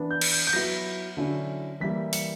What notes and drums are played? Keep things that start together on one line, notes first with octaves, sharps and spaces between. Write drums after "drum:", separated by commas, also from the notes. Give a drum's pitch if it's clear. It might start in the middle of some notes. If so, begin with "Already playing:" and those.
Already playing: E3 B3 D4
G6
drum: cymbal
G6
G6
F#3 B3 E4 A#6
D3 F#3 C#4 E4
E3 G3 A#3 E4 B6
C#7, drum: open hi-hat